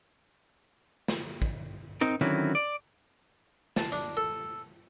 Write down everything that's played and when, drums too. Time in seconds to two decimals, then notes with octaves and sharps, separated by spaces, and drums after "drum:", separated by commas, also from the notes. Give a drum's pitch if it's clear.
1.08 drum: snare
1.42 drum: kick
2.01 C4 D#4 A#4
2.21 D3 D#3 F#3 C4 C#4 E4
2.55 D5
3.76 A5, drum: snare
3.92 D4, drum: hi-hat
4.17 A4